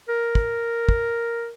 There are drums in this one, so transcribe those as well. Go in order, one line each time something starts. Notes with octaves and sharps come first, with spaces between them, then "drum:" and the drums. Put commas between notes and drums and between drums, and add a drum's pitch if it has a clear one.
A#4
drum: kick
drum: kick